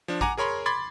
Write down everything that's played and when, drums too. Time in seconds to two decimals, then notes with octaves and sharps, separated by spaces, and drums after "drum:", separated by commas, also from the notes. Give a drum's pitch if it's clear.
0.08 F3 D4
0.21 F#5 G#5 A#5 D6, drum: kick A1
0.37 G#4 A#4 C#5 B5 C6
0.66 B5 C6 D6 G#6 A6